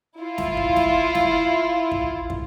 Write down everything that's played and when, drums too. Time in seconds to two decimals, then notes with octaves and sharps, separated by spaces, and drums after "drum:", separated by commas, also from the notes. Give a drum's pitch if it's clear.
0.19 E4 F4
0.38 drum: snare
0.57 drum: kick
0.76 drum: snare
1.15 drum: snare
1.91 drum: kick
2.30 drum: kick